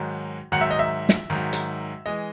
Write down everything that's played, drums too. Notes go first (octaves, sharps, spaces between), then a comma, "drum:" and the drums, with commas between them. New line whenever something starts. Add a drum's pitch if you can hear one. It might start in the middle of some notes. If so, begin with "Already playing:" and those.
Already playing: G#2 D#3 F#3
G#2 D#3 F#3 F#5
E5
D#5
E5
drum: snare
G#2 D#3 F#3
drum: hi-hat
E3 G#3 D#5